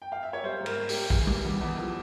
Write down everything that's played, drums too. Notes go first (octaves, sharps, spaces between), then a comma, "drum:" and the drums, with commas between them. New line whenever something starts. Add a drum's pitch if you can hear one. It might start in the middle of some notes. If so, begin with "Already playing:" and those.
G5
F5
E5
C#5
G3 C5
G#2
A#4, drum: cymbal
G#2
G4, drum: open hi-hat
G3
E3 G#4, drum: kick
G3, drum: tom
E2
E2
F3